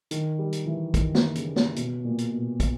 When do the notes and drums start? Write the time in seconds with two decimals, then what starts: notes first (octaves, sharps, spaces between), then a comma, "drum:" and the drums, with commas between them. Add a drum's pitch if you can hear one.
0.11 D#3, drum: hi-hat
0.39 G3
0.52 drum: hi-hat
0.66 E3
0.94 D#3, drum: kick, hi-hat
1.15 drum: snare
1.35 C#3, drum: hi-hat
1.56 drum: snare
1.76 B2, drum: hi-hat
2.05 A#2
2.18 drum: hi-hat
2.32 B2
2.60 drum: kick, hi-hat